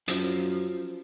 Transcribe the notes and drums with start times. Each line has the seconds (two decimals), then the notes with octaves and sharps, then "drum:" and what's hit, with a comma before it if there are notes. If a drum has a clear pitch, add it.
0.08 F#2 F3, drum: hi-hat